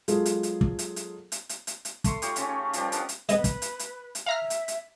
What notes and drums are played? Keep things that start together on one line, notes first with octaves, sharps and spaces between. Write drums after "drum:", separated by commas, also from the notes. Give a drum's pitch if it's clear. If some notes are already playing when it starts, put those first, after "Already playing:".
F#3 G#3 B3 F4 G#4 A4, drum: hi-hat
drum: hi-hat
drum: hi-hat
drum: kick
drum: hi-hat
drum: hi-hat
drum: hi-hat
drum: hi-hat
drum: hi-hat
drum: hi-hat
A3 C6, drum: kick, hi-hat
D#4 F4 G4 C#5, drum: hi-hat
C#3 C#4, drum: hi-hat
F3 G3 G4 A#4, drum: hi-hat
B3 D4 F5, drum: hi-hat
drum: hi-hat
G#3 B3 B4 D#5, drum: hi-hat
drum: kick, hi-hat
drum: hi-hat
drum: hi-hat
drum: hi-hat
E5 F5 A#5 F6
drum: hi-hat
drum: hi-hat